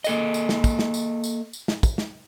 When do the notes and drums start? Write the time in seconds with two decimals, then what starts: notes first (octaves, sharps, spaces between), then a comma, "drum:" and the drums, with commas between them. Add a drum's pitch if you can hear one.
0.04 A#3 A4 D#5, drum: tambourine
0.34 drum: tambourine
0.49 drum: snare
0.64 drum: kick, tambourine
0.79 drum: snare
0.94 drum: tambourine
1.24 drum: tambourine
1.53 drum: tambourine
1.68 drum: snare
1.83 drum: kick, tambourine
1.98 drum: snare